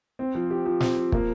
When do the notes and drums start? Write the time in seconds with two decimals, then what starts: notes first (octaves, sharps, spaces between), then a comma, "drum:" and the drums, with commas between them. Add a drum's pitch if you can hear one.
0.19 C4
0.35 F3
0.50 G4
0.66 F3
0.80 C4, drum: snare
0.96 F3
1.12 A#3, drum: kick